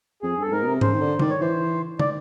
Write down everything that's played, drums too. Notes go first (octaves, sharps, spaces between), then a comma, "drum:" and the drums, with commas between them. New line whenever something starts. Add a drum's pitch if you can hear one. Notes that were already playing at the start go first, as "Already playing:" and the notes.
F2 G#4
G2 A4
G#2 A#4
B2
C3
C#3 C5, drum: tom G#2
D#3
D3
D#3 D5, drum: tom
C#5
E3 C5
D#3 D5, drum: tom